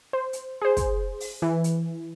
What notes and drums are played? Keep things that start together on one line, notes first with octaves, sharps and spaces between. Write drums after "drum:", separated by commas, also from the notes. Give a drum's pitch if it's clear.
C5
drum: hi-hat
G#4 C5
drum: kick, hi-hat
drum: open hi-hat
E3
drum: hi-hat